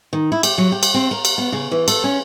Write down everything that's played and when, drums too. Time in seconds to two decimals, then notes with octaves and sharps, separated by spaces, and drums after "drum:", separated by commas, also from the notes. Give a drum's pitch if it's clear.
0.13 D#3
0.32 E4
0.43 G4, drum: cymbal
0.58 F#3
0.72 G4
0.83 drum: cymbal
0.94 C4
1.11 A#4
1.25 drum: cymbal
1.38 B3
1.52 C#3
1.71 E3
1.88 A4, drum: cymbal
2.04 C#4